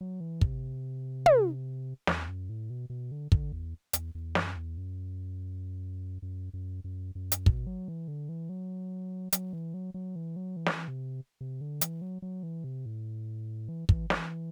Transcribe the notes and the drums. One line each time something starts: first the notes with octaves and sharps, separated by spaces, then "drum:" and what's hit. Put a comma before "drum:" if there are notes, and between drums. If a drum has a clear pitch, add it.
F#3
E3
C3, drum: kick
drum: tom
E2, drum: snare
F#2
A2
B2
B2
D3
D3, drum: kick
E2
E2, drum: hi-hat
E2
F#2, drum: snare
E2
F#2
F#2
F#2
F#2
F#2
drum: hi-hat
B2, drum: kick
F#3
E3
D3
E3
F#3
F#3, drum: hi-hat
E3
F#3
F#3
E3
F#3
E3
drum: snare
C3
C3
D3
E3, drum: hi-hat
F#3
F#3
E3
C3
A2
E3
E3, drum: kick
E3, drum: snare